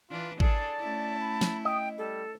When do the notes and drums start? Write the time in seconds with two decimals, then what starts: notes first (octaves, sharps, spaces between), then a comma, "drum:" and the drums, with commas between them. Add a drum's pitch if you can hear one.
0.10 E3 D4 F4 B4
0.40 D4 G#4 A4 D5 A5, drum: kick
0.79 A3 C#4 E4
1.20 B5
1.41 drum: snare
1.65 D#5 G5
1.98 G3 A4